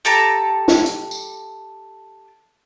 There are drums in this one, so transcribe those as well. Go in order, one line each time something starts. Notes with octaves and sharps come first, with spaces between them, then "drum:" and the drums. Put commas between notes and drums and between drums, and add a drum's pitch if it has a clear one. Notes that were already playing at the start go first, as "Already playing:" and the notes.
G4 A4 A5 A#5
drum: snare
drum: hi-hat
drum: tambourine